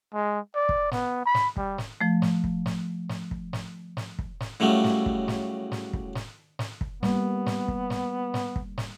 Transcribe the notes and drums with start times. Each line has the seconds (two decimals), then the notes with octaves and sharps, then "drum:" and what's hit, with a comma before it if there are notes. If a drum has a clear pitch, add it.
0.13 G#3
0.55 D5
0.69 drum: kick
0.92 B3, drum: snare
1.25 B5
1.35 drum: snare
1.57 G3, drum: kick
1.78 drum: snare
2.01 F3 A3
2.22 drum: snare
2.44 drum: kick
2.66 drum: snare
3.09 drum: snare
3.31 drum: kick
3.53 drum: snare
3.97 drum: snare
4.19 drum: kick
4.40 drum: snare
4.60 A2 C#3 F#3 G3 A3
4.84 drum: snare
5.06 drum: kick
5.28 drum: snare
5.72 drum: snare
5.93 drum: kick
6.15 drum: snare
6.59 drum: snare
6.81 drum: kick
7.03 G3 A#3 B3, drum: snare
7.46 drum: snare
7.68 drum: kick
7.90 drum: snare
8.34 drum: snare
8.56 drum: kick
8.78 drum: snare